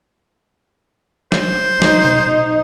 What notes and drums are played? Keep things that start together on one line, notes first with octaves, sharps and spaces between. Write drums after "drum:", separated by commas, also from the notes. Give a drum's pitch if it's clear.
C5, drum: snare
D#4, drum: snare
drum: tom B2